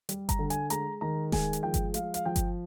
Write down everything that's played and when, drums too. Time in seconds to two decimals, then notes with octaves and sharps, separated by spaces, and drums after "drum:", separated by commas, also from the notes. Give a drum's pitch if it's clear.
0.09 G3, drum: hi-hat
0.29 A#5, drum: kick G1, hi-hat
0.39 D3
0.50 G#5, drum: hi-hat
0.70 G#3 A#5, drum: hi-hat
1.01 D#3 A#5
1.32 G#3 G#5, drum: snare D#1
1.53 drum: hi-hat
1.63 F3 G5
1.74 drum: kick G1, hi-hat
1.94 G#3 F5, drum: hi-hat
2.14 F5, drum: hi-hat
2.25 F3 G5
2.36 drum: kick G1, hi-hat